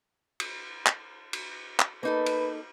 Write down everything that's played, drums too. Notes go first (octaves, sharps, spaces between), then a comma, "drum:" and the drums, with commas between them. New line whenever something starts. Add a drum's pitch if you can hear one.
drum: cymbal
drum: clap
drum: cymbal
drum: clap
A#3 D#4 A4 B4
drum: cymbal